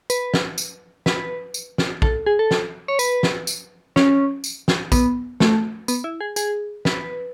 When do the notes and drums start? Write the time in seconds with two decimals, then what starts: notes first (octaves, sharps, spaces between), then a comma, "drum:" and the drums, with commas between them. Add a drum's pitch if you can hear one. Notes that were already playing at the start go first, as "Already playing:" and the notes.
0.10 B4, drum: tambourine
0.34 drum: snare
0.58 drum: tambourine
1.06 B4, drum: snare
1.54 drum: tambourine
1.78 drum: snare
2.02 A4, drum: kick
2.26 G#4
2.39 A4
2.51 drum: snare
2.88 C#5
2.99 B4, drum: tambourine
3.23 drum: snare
3.47 drum: tambourine
3.96 C#4, drum: snare
4.44 drum: tambourine
4.68 drum: snare
4.92 B3, drum: kick, tambourine
5.40 A3, drum: snare
5.88 B3, drum: tambourine
6.04 E4
6.21 G#4
6.36 G#4, drum: tambourine
6.85 B4, drum: snare